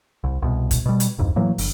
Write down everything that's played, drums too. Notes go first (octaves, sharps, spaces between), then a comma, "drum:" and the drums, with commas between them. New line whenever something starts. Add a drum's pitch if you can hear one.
C2
C2 B2
drum: kick, hi-hat
B2 G3
drum: hi-hat
D1 F2 G#2
A2 E3 F#3 A#3
G1, drum: open hi-hat